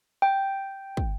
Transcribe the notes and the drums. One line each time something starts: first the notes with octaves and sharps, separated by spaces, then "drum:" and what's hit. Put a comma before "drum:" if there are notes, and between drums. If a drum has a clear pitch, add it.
G5
drum: kick